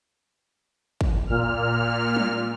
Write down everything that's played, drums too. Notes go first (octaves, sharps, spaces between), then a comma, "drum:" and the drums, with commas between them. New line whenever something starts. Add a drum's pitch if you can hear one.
drum: kick
A#2 F6
drum: tom F#3